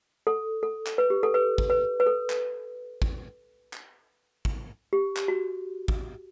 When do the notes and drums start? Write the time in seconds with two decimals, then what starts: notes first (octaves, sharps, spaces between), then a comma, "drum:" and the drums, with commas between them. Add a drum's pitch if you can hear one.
0.27 A4
0.63 A4
0.87 drum: clap
0.98 B4
1.10 G4
1.23 A4
1.34 B4
1.58 drum: kick
1.70 B4
2.00 B4
2.07 A4
2.30 drum: clap
3.02 drum: kick
3.73 drum: clap
4.45 drum: kick
4.93 G4
5.17 drum: clap
5.28 F#4
5.88 drum: kick